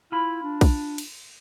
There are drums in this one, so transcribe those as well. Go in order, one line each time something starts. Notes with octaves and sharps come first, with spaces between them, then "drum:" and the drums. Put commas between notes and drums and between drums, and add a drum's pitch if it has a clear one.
E4 F4 B5
D4
drum: kick, cymbal
drum: cymbal